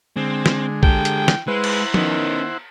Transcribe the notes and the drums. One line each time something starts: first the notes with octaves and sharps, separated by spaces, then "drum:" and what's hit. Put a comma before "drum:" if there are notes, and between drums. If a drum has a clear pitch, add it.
D3 G#3 C4
drum: snare
G4 A4 G5, drum: kick
drum: hi-hat
drum: snare
G#3 E4 B4 C5 F#5
drum: cymbal
D#3 B3 C#4, drum: tom